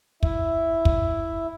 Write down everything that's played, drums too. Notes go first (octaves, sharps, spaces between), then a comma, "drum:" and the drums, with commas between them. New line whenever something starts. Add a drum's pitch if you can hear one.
E4 E5, drum: kick
drum: kick